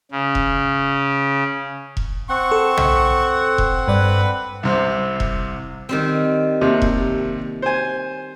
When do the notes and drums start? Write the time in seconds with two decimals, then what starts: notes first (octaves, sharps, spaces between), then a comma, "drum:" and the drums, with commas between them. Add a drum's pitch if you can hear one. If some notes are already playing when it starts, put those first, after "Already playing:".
0.11 C#3
0.35 drum: kick E1
1.97 drum: kick E1
2.29 C4 F#5 C#6
2.52 A4
2.77 drum: tom B1
3.58 drum: kick E1
3.88 G2 B4 D5
4.63 C2 C3 C4
5.20 drum: kick E1
5.89 D#3 G3 C4
6.61 D#2 C3
6.82 drum: kick E1
7.62 C5 G#5